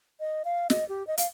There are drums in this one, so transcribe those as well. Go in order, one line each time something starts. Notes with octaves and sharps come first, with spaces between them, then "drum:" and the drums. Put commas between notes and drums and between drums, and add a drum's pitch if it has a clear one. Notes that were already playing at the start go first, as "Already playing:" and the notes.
D#5
F5
D#5, drum: snare
G4
D#5
F5, drum: hi-hat